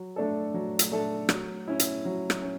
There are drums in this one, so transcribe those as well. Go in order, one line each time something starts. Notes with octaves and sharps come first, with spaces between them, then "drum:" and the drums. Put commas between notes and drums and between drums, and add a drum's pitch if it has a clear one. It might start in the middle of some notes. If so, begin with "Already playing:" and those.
Already playing: F#3
A3 D4 A4
F#3
drum: hi-hat
A3 D4 A4
F#3, drum: rim click
C#4 E4
drum: hi-hat
F#3
drum: rim click
C#4